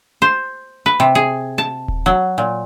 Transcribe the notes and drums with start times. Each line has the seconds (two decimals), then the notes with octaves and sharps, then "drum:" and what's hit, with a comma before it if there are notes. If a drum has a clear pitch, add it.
0.22 C5
0.86 B4
1.00 C3
1.15 G#4
1.58 A5
1.88 drum: kick D#1
2.06 F#3
2.38 A#2